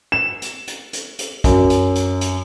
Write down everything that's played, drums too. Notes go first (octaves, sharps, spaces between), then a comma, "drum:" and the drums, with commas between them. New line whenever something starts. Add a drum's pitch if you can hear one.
E7
drum: hi-hat
drum: hi-hat
drum: hi-hat
drum: hi-hat
F#2, drum: kick, hi-hat
drum: hi-hat
drum: hi-hat
drum: hi-hat